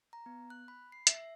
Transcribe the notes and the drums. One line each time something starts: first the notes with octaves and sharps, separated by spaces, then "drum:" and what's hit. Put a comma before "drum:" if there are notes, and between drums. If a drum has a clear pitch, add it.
A#5
B3
F#6
B5
C7
E5, drum: hi-hat